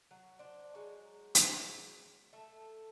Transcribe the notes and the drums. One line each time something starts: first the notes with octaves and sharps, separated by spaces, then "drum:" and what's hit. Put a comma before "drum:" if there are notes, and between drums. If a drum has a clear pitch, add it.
F#3
D4 C5
F#3 G#3 D#4
drum: hi-hat
A3 A4